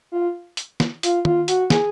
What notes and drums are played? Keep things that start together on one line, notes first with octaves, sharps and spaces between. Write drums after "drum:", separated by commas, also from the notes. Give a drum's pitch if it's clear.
F4
drum: hi-hat
drum: snare
F4, drum: hi-hat
F4, drum: tom
F#4, drum: hi-hat
G#4, drum: snare